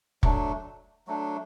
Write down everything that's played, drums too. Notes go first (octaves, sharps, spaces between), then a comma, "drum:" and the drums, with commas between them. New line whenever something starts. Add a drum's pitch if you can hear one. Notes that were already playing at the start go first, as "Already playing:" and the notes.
F#3 A3 D4, drum: kick
F#3 A3 D4